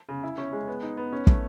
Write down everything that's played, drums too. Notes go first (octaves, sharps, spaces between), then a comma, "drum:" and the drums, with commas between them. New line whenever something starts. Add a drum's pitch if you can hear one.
C#3
E4
C#4
G#3
B3
D#4
B3
C#4
A3, drum: kick